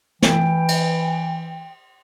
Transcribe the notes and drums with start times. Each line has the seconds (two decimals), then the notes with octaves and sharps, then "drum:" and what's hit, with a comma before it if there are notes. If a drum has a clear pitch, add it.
0.22 E3 G5, drum: snare
0.68 drum: cymbal